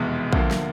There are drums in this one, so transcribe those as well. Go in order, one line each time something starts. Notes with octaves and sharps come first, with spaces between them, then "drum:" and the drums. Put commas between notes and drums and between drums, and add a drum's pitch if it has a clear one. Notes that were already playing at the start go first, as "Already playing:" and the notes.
Already playing: F1 E2 B2 G#3 B3
D2 D3 F3 A#3, drum: kick A#1
drum: snare